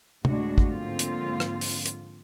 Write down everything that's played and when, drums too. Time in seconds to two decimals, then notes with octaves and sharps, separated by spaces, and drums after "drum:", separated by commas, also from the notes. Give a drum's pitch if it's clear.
0.25 D2 A2 D3 G#3 D4 F#4, drum: tom
0.58 drum: kick
0.68 G#2 D3 F3 A#3 C4 F4
0.99 drum: hi-hat
1.40 drum: rim click
1.61 drum: open hi-hat
1.86 drum: hi-hat